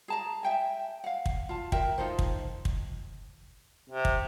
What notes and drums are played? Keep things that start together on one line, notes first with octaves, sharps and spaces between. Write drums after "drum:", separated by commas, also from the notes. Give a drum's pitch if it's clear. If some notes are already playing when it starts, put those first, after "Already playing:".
G#4 A5 A#5
E5 G5 G#5
F5 F#5
drum: kick
F4 A5
A#4 E5 G5, drum: kick
D#4 F4 A4 C5
drum: kick
drum: kick
C3
drum: kick